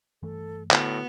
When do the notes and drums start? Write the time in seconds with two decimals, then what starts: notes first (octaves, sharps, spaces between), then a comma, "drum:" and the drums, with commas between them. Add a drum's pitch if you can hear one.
0.23 G2 E3 A3 A4
0.71 A2 D3 B3 F#4, drum: clap